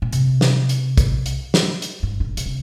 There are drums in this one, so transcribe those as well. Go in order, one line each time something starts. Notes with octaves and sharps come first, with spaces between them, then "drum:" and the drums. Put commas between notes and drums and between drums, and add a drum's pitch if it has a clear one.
A#2
C3, drum: hi-hat
drum: snare
drum: hi-hat
drum: kick, hi-hat
drum: hi-hat
drum: snare
drum: hi-hat
G#2
G#2
A#2
C#3, drum: hi-hat
C3